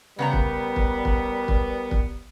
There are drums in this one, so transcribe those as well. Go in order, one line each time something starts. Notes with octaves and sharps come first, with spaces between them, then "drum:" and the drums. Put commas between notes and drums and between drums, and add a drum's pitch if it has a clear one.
C#3 G3 B3 A#4 F#5 A#5
drum: kick
drum: kick
drum: kick
drum: kick
drum: kick